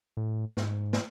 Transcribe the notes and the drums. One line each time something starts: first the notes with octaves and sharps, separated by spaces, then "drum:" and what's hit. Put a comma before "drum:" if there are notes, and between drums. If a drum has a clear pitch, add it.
A2
G#2, drum: snare
drum: snare